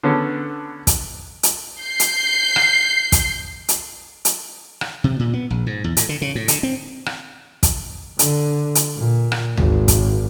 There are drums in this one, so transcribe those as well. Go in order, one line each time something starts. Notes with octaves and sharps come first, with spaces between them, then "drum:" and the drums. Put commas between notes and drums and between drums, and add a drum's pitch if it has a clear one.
D3 B3 C#4 A4
drum: kick, hi-hat
drum: hi-hat
G6 C7
drum: hi-hat
drum: rim click
drum: kick, hi-hat
drum: hi-hat
drum: hi-hat
drum: rim click
C3
A#2
B3
A#1
G#2
E2
A2, drum: hi-hat
D3
C#3
A2
D3, drum: hi-hat
C4
drum: rim click
drum: kick, hi-hat
D3, drum: hi-hat
drum: hi-hat
A#2
drum: rim click
G#1, drum: tom D2
drum: kick, hi-hat